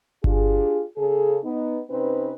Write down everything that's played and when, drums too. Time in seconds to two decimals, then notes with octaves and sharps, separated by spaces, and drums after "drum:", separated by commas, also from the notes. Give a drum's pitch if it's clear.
0.24 D4 F4 G4 G#4, drum: kick G1
0.97 C#3 G#4 A4
1.45 B3 D#4
1.90 C3 C4 C#4 D#4 B4